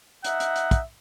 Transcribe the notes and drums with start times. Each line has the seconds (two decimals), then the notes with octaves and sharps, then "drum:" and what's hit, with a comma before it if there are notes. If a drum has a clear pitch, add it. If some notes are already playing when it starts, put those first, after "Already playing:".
0.24 D#4 E5 F#5, drum: hi-hat
0.40 drum: hi-hat
0.56 drum: hi-hat
0.71 drum: kick, hi-hat